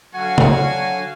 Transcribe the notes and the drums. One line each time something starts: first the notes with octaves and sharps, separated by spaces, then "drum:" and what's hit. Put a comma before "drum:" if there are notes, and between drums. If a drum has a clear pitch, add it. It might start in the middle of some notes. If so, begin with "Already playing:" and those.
D3 F#3 F#4 F5 F#5 G#5
drum: tom